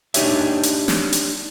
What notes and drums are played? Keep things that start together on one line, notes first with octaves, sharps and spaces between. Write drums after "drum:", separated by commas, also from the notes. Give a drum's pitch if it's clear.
D4 D#4 G4 C#5 E5, drum: hi-hat
drum: hi-hat
drum: snare
drum: hi-hat